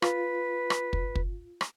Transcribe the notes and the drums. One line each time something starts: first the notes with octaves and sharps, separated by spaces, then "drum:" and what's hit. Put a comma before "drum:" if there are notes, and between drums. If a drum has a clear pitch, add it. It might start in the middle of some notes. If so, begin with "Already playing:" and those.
F4 B4, drum: rim click
drum: rim click
drum: kick
drum: kick
drum: rim click